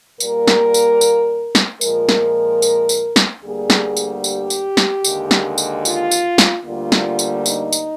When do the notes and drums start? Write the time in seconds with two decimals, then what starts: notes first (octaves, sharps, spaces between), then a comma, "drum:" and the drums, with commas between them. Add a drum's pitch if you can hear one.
0.20 A#2 G3 A#3 A#4, drum: tambourine
0.47 drum: snare
0.74 drum: tambourine
1.01 drum: tambourine
1.55 drum: snare
1.81 A#2 F3 G#3 A#4, drum: tambourine
2.09 drum: snare
2.62 drum: tambourine
2.89 drum: tambourine
3.16 drum: snare
3.43 D2 D3 G3 A#3 G#4
3.70 drum: snare
3.97 drum: tambourine
4.24 G4, drum: tambourine
4.50 drum: tambourine
4.77 drum: snare
5.04 D#2 D3 G#3, drum: tambourine
5.31 drum: snare
5.58 drum: tambourine
5.85 F4, drum: tambourine
6.11 drum: tambourine
6.38 drum: snare
6.65 D2 D3 G3 A#3 F4
6.92 drum: snare
7.19 drum: tambourine
7.46 D#4, drum: tambourine
7.73 drum: tambourine